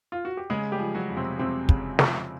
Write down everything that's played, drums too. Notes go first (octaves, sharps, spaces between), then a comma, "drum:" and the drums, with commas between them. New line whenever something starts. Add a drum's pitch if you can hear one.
F4
F#4
G4
C#3 G#3 G#4
G3 G4
F3
F#3 F#4
F2
C3 C4
F2 C3 C4
C#3, drum: kick
F3, drum: snare